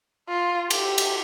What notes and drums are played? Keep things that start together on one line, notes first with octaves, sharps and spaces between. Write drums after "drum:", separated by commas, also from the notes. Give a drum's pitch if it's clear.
F4
G4, drum: cymbal
drum: cymbal